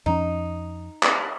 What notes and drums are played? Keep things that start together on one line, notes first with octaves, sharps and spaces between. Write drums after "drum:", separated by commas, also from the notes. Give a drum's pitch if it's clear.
F2 F3 C#4 D#4
drum: clap